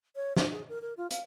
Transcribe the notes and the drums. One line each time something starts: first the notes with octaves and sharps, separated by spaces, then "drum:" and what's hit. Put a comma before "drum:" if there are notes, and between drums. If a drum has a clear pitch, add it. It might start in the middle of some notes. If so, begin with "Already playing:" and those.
C#5
C5, drum: snare
G#4
A#4
A#4
F4
F5, drum: hi-hat